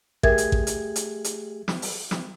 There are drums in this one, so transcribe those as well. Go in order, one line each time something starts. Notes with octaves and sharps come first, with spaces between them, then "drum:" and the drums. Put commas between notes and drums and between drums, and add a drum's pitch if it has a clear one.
A3 G4 G#4 A#4 E5 G#6, drum: kick A1
drum: hi-hat
drum: kick A1
drum: hi-hat
drum: hi-hat
drum: hi-hat
drum: snare
drum: open hi-hat
drum: snare